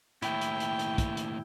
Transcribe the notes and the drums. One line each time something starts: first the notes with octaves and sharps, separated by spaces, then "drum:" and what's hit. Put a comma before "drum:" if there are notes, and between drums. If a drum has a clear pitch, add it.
D#2 A2 E4 G5, drum: hi-hat
drum: hi-hat
drum: hi-hat
drum: hi-hat
drum: kick, hi-hat
drum: hi-hat